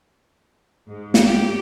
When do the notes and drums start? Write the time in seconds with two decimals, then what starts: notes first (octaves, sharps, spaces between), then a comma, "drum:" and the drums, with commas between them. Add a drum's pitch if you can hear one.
0.89 G#2
1.14 drum: snare
1.23 G4